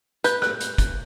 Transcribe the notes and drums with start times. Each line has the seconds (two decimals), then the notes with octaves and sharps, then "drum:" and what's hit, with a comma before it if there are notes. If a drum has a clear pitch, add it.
0.24 B4 G6, drum: hi-hat
0.42 F#6, drum: rim click
0.60 drum: hi-hat
0.78 drum: kick, hi-hat